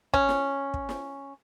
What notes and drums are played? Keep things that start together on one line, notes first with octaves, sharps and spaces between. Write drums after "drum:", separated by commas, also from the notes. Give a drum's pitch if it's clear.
C#4, drum: kick
drum: snare
drum: kick
drum: snare